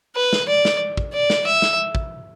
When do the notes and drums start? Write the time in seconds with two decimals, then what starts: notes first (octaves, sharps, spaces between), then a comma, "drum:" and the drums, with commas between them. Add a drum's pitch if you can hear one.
0.16 B4
0.33 drum: snare
0.49 D5
0.65 drum: snare
0.97 drum: kick
1.14 D5
1.30 drum: snare
1.47 E5
1.62 drum: snare
1.95 drum: kick